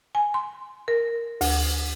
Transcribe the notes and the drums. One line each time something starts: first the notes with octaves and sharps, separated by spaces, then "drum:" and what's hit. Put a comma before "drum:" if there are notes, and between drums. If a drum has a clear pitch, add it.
G#5
C6
A#4
D2, drum: open hi-hat